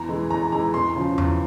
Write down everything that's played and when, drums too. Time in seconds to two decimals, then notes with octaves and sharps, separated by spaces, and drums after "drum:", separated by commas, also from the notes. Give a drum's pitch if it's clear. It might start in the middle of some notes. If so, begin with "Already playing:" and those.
Already playing: E2 A#5
0.09 E3 G#3 E4
0.30 E2 A#5
0.52 E3 G#3 E4 A#5
0.74 E2 C6
0.95 C#3 F3
1.18 E2, drum: tom E2